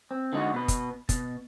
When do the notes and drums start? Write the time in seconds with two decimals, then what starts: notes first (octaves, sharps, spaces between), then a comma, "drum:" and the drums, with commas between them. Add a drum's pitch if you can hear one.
0.11 C4
0.33 D3 G#3 D#4 F#4
0.54 B2 B4
0.68 drum: kick, hi-hat
1.09 B2, drum: kick, hi-hat